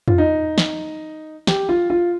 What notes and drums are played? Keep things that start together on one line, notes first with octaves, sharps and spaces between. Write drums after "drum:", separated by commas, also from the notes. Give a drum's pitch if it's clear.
F4, drum: tom
D#4
drum: snare
G4, drum: snare
F4
F4